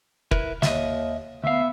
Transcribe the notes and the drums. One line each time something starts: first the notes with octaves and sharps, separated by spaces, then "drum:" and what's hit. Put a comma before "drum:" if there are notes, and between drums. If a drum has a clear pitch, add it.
E4 A#4 B4, drum: kick
D#2 D#5 E5, drum: snare
D2 B3 E5 F5